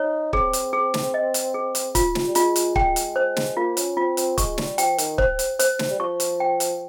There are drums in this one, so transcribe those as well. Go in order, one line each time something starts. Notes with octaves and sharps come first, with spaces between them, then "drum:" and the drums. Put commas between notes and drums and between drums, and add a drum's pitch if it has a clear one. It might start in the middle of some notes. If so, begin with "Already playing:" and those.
Already playing: D#4 C#5
C4 G#4, drum: kick
drum: hi-hat
G#4
drum: snare
D#5
drum: hi-hat
G#4
drum: hi-hat
F4, drum: kick, hi-hat
drum: snare
G3
G#3 F4, drum: hi-hat
drum: hi-hat
G#3 G5, drum: kick
drum: hi-hat
C5
drum: snare
A#3 F4
C#4, drum: hi-hat
C4 F4
C4, drum: hi-hat
G#3 C#6, drum: kick, hi-hat
G3, drum: snare
F3 G5, drum: hi-hat
D#3, drum: hi-hat
C5, drum: kick
drum: hi-hat
C5, drum: hi-hat
drum: snare
G3
F3 C#6
drum: hi-hat
G5
drum: hi-hat